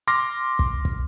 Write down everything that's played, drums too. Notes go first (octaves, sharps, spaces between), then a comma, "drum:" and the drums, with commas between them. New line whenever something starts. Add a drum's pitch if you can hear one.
C6 D6 F6 A#6
drum: kick
drum: kick